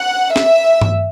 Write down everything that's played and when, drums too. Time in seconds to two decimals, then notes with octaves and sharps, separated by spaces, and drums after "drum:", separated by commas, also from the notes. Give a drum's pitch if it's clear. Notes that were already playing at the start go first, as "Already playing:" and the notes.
Already playing: F#5
0.36 E5, drum: snare
0.81 drum: tom G2